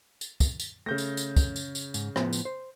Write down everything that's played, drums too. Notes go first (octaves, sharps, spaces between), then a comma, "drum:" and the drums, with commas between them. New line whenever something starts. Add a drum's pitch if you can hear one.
drum: tambourine
drum: kick, tambourine
drum: tambourine
C#3 A3 G6 A#6
drum: tambourine
drum: tambourine
drum: kick, tambourine
drum: tambourine
drum: tambourine
G#2, drum: tambourine
A2 F3 B3, drum: rim click
drum: tambourine
C5